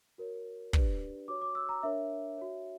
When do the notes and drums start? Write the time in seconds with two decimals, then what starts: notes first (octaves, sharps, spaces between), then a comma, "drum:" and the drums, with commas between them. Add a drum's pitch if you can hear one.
0.18 F#4 A#4 C#5
0.73 D4 G4 B4 D5, drum: kick
1.28 F#4 C#5 D6
1.42 D6
1.55 E6
1.69 A#5
1.83 D4 A#4 C#5 E5
2.38 F#4 C#5